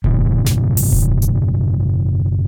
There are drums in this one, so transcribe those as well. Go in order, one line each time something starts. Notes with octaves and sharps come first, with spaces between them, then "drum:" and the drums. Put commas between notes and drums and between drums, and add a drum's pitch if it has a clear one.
F#1 G#2 B2 D#3, drum: kick D#1
drum: snare
drum: open hi-hat
drum: kick D#1
drum: hi-hat